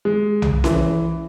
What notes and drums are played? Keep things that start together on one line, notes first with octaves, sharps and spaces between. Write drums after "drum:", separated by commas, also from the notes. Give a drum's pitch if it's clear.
G#3
drum: tom B1
E3, drum: snare C#4